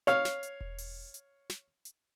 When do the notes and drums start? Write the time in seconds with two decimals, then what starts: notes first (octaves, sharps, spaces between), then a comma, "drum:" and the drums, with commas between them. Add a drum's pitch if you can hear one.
0.07 C#5 F5, drum: hi-hat
0.25 drum: snare
0.43 drum: hi-hat
0.61 drum: kick E1
0.78 drum: open hi-hat
1.14 drum: hi-hat
1.50 drum: snare
1.85 drum: hi-hat